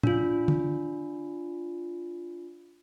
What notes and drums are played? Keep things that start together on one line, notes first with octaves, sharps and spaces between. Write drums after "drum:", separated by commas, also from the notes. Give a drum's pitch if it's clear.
D4 F4, drum: tom A2
drum: tom D3